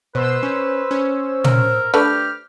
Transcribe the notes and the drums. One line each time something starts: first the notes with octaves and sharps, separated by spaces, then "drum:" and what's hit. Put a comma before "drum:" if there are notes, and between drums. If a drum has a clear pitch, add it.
B2 B4 C5 E6
C#4
C#4
A#4, drum: tom
A3 D4 G4 B4 F6